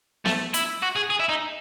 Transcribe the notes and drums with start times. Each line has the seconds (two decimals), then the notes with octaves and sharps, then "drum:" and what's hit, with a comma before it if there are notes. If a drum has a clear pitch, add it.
0.26 A3, drum: snare B3
0.54 E4, drum: hi-hat
0.82 F#4
0.96 G#4
1.10 G#4
1.20 E4
1.29 D#4